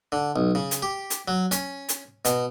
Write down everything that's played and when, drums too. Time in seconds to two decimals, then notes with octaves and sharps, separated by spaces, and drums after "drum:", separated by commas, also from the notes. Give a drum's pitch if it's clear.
0.12 D3
0.36 B1
0.55 C#3
0.71 drum: hi-hat
0.82 G4
1.10 drum: hi-hat
1.28 F#3
1.51 C#4, drum: hi-hat
1.89 drum: hi-hat
2.25 B2, drum: hi-hat